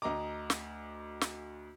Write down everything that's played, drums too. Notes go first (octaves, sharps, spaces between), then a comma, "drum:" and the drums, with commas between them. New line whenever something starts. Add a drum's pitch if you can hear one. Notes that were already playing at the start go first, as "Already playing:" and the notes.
D2 D#5 A#5 D6
drum: snare
drum: snare